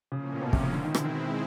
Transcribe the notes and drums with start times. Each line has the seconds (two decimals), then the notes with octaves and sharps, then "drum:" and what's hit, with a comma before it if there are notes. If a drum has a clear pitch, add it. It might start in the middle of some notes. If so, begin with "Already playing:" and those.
0.12 A2 C#3 F3 A#3 C#4
0.33 A#2
0.42 B2
0.53 C3, drum: kick
0.64 C#3
0.73 B2 D3 G#3 C4 E4
0.84 D#3
0.95 D3, drum: rim click
1.04 D#3